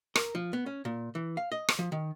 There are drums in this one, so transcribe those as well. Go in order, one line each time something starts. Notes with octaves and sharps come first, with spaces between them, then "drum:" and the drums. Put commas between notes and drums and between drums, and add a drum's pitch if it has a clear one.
A#4, drum: rim click
F3
B3
C#4
A#2
E3
F5
D#5
drum: rim click
F3
D#3